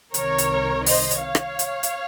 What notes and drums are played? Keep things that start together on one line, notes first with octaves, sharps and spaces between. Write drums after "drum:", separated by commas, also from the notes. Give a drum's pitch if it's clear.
C2 C3 D#3 A#4 C#5, drum: hi-hat
drum: hi-hat
C5 D#5, drum: open hi-hat
drum: hi-hat
C#5 F5
drum: rim click
drum: hi-hat
drum: hi-hat